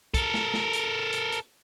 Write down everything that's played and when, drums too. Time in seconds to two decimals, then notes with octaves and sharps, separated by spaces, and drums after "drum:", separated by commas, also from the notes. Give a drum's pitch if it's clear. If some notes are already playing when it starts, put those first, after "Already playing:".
0.14 A4 A#4, drum: kick, hi-hat
0.34 drum: snare
0.53 drum: snare
0.73 drum: hi-hat
1.13 drum: hi-hat
1.32 drum: hi-hat